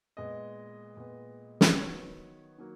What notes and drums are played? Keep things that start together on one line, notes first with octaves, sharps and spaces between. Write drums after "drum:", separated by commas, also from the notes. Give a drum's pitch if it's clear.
A#2 G#3 B3 D#5
A#2 G#3 B3
drum: snare
D#3 F#3 B3 C#5
D#3 F#3 A#3